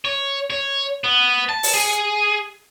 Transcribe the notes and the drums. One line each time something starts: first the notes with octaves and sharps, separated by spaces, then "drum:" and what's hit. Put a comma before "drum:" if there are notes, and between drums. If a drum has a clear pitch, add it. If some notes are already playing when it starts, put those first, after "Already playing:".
C#5
C#5
B3
A5
drum: open hi-hat
G#4